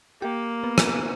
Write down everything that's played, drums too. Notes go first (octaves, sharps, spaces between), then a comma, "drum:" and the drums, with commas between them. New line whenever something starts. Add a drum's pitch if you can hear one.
A#3 G4
B3
drum: rim click